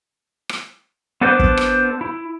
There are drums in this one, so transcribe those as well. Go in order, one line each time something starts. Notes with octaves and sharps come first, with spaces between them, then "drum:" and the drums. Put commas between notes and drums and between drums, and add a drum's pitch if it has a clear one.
drum: rim click
B3 D4 A4 B4 C5
drum: kick
drum: rim click
E4